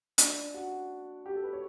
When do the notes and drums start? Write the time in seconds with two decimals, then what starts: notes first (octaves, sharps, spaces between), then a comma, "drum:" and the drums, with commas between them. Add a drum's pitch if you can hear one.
0.18 D4 D5, drum: hi-hat
0.54 F#4 F#5
1.26 G4
1.35 A4
1.43 B4
1.53 C#5